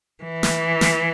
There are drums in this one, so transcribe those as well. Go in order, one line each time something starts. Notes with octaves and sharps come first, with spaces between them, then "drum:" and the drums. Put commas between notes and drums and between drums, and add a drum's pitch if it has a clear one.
E3
drum: snare
drum: snare